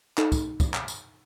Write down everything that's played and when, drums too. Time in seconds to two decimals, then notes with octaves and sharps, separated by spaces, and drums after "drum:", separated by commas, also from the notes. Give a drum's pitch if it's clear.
0.18 D#4 A4, drum: clap
0.32 drum: kick, tambourine
0.60 drum: kick, tambourine
0.74 drum: clap
0.88 drum: tambourine